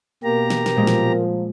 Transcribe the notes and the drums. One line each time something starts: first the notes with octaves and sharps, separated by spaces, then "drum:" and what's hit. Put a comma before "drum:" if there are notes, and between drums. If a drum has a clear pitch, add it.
B2 A#3 G4 A#4 A#5
drum: snare
drum: snare
A#2 F3 G#3 A#3
drum: snare